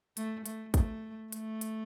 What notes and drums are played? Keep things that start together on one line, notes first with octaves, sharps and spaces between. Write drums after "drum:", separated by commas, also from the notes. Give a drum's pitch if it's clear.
A3, drum: hi-hat
A3, drum: hi-hat
A3, drum: kick, hi-hat
A3, drum: hi-hat
drum: hi-hat